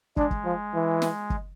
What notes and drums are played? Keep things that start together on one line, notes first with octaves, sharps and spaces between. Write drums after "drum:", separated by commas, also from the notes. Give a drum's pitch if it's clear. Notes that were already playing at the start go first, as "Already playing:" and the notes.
G#3 D4, drum: kick
drum: kick
F3
E3
drum: snare
drum: kick